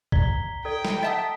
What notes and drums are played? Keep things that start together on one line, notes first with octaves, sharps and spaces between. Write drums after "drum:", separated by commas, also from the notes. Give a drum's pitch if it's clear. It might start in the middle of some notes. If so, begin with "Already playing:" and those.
D5 A#5 B6 G7, drum: kick C2
A4 D5 G5
drum: snare
D#5 E5 F#5 A5 D#6 E6 B6 D7